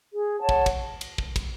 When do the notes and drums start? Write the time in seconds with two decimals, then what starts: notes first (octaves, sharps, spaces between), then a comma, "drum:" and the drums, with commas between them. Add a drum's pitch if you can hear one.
0.14 G#4
0.40 C#5 F#5 A5
0.49 drum: kick
0.66 drum: kick, cymbal
1.01 drum: cymbal
1.18 drum: kick
1.36 drum: kick, cymbal